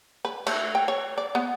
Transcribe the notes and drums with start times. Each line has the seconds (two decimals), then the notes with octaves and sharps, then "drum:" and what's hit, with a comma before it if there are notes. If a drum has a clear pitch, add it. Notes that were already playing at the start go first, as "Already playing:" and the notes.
0.25 B4
0.47 A3, drum: cymbal
0.75 G5
0.88 C#5
1.18 D5
1.35 B3